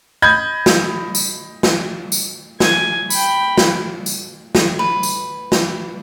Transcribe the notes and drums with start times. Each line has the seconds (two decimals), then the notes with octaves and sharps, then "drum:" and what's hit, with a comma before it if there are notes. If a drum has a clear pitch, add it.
0.22 D#5 B5 G6 G#6
0.66 drum: snare
1.15 drum: tambourine
1.63 drum: snare
2.12 drum: tambourine
2.60 G#5, drum: snare
3.10 G5 B5, drum: tambourine
3.58 drum: snare
4.06 drum: tambourine
4.55 drum: snare
4.79 B4
5.03 drum: tambourine
5.52 drum: snare